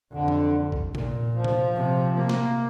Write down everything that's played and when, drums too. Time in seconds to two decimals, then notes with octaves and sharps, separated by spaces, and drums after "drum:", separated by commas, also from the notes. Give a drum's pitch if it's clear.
0.12 F2 D3
0.28 drum: tom E3
0.72 drum: kick
0.95 A#2, drum: tom C3
1.35 F3
1.44 drum: tom C3
1.76 C3
2.16 C3 A#3
2.29 drum: snare